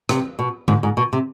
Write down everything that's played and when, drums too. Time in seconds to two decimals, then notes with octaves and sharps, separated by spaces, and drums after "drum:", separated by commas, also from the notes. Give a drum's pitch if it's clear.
0.09 C3, drum: rim click
0.39 B2
0.68 G#2, drum: tom D3
0.83 G#2
0.97 B2
1.13 C3